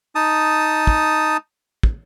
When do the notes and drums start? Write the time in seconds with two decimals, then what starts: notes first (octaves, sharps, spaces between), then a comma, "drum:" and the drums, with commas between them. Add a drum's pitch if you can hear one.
0.15 D#4 A5 D#6
0.87 drum: kick
1.83 drum: kick